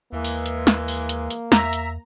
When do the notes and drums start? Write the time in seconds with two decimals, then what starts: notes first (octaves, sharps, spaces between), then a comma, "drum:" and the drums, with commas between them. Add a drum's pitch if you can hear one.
0.12 D#2 E3 G#3 A#3
0.24 drum: open hi-hat
0.46 drum: hi-hat
0.67 drum: snare
0.88 drum: open hi-hat
1.09 drum: hi-hat
1.30 drum: hi-hat
1.52 E2 E5 A#5, drum: snare
1.73 drum: hi-hat